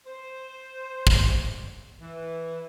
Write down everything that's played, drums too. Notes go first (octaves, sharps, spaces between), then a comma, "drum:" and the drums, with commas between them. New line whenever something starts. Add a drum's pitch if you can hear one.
C5
drum: kick
E3